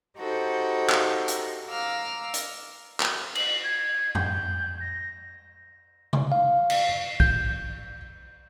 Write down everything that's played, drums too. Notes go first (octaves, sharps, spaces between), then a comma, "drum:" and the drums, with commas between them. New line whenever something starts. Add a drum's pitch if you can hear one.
D#4 F#4 G4 A4 C5
drum: clap
drum: hi-hat
F5 A#5 D6 E6 F6
drum: hi-hat
drum: clap
F#7, drum: cymbal
G#6
G6, drum: tom F2
A#6
drum: tom C3
F5
drum: cymbal
G6, drum: kick B1